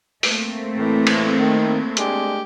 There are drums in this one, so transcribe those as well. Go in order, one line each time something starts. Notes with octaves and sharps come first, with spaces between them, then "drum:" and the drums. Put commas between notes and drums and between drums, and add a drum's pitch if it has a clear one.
A3 A#3 C4, drum: open hi-hat
A2 E3
drum: cymbal
D#3
G#3 D4 G4, drum: hi-hat